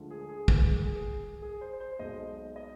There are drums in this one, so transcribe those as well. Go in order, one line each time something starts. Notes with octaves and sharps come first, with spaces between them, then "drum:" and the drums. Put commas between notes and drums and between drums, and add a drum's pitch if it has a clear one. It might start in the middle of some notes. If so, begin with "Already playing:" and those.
Already playing: D2 D3 F3 G#3
G#4
G#4
B4, drum: kick
G#4
G#4
G#4
C5
C5
B1 B2 G#3 D#5
D#5